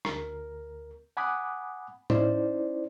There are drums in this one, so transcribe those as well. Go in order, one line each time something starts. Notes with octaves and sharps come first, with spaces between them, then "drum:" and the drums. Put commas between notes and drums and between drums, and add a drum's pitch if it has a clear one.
D2 A#4, drum: rim click
F#5 G#5 B5 D6 D#6 F#6
C#4 D#4 E4 C5 D5, drum: tom A2